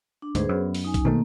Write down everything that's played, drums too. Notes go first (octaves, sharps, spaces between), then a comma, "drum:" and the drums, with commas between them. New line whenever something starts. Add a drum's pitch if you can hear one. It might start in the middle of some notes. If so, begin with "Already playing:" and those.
D4
D2 G#2 G#4 B4 C5, drum: hi-hat
F#2 B3
drum: open hi-hat
D#4 G#5
drum: kick B1, hi-hat
B2 D#3 A3 A#3